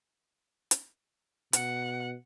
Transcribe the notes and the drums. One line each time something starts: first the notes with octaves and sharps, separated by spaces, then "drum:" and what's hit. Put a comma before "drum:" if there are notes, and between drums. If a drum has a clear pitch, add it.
drum: hi-hat
B2 F#5, drum: hi-hat